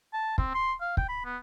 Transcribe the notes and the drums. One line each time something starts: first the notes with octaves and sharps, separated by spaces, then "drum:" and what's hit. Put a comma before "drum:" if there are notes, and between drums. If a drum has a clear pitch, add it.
A5
C4, drum: kick
C6
F5
G5, drum: kick
B5
B3